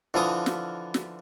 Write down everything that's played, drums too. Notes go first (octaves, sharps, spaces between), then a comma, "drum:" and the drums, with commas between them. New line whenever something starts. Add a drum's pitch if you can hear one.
D3 E3 F3 F4 D#6
drum: snare
drum: snare